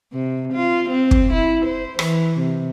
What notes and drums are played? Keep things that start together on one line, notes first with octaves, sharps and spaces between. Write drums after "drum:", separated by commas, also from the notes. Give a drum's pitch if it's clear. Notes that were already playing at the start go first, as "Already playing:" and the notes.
C3
F4
C4
drum: kick
E4
C5
E3, drum: rim click
C3